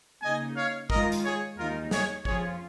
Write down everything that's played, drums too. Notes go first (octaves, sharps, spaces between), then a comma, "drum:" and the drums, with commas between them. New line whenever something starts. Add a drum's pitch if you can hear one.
C#3 A#3 D#4 D#5 G#5
C#5 F5
D#3 G#3 F4 A#4 D#5, drum: kick
drum: hi-hat
G#4 C#5
D#2 D#3 G#3 D#4 F4 A#4
G#4 C#5, drum: snare
F2 F3 C#4 F4 G#4 C#5, drum: kick